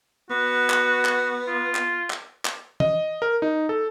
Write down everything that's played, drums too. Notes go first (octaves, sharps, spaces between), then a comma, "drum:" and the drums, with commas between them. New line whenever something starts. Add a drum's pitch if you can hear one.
B3 F#4
drum: clap
drum: clap
F4
drum: clap
drum: clap
drum: clap
D#5, drum: tom E3
A#4
D#4
A4